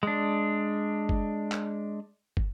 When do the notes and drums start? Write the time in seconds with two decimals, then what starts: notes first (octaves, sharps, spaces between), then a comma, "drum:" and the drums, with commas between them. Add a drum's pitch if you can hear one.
0.03 G#3 D4
1.09 drum: kick
1.52 drum: clap
2.37 drum: kick